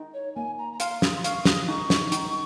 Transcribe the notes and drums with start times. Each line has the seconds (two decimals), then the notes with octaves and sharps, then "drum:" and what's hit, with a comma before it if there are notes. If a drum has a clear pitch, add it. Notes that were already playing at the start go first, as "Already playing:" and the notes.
Already playing: D#4
0.14 C#5
0.35 A#3 G#5
0.58 A#5
0.73 A#5
0.80 F5 C6, drum: hi-hat
1.02 D#6, drum: snare
1.16 C6
1.24 F5 C#6, drum: hi-hat
1.45 D#6, drum: snare
1.67 D#4 C#6
1.90 drum: snare
2.12 D#4, drum: hi-hat